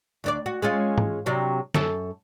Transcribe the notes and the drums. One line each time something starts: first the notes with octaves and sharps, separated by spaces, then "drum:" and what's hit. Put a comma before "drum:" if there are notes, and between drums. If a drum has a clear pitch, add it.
D2 D4 D5
F#4
G#3 C#4 F4
drum: tom
C3 F#3 D4
F#2 A4, drum: snare